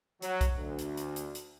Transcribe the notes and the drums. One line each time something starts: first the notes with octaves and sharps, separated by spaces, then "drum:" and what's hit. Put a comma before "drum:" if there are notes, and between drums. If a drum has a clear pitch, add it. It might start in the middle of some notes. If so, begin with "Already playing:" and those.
F#3, drum: hi-hat
drum: kick B1, hi-hat
D2
drum: hi-hat
drum: hi-hat
drum: hi-hat
drum: hi-hat